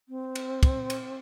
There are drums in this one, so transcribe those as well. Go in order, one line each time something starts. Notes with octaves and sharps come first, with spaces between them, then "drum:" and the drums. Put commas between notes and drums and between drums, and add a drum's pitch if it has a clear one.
C4
drum: cymbal
drum: kick, cymbal
drum: cymbal